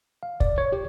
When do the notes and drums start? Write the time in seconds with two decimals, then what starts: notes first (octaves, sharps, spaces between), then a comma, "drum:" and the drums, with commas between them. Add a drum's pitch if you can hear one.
0.23 F5
0.40 D5, drum: kick
0.58 C#5
0.72 G4